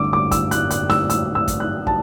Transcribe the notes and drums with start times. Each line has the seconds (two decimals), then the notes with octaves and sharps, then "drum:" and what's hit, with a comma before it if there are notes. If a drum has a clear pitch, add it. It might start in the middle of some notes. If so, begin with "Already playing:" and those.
Already playing: G1 G2 D3 D6 E6
0.13 D6
0.31 E6, drum: kick, hi-hat
0.51 F#6, drum: hi-hat
0.71 F#6, drum: hi-hat
0.90 E6, drum: snare
1.10 E6, drum: hi-hat
1.35 E6
1.48 drum: kick, hi-hat
1.60 F#6
1.87 A5, drum: kick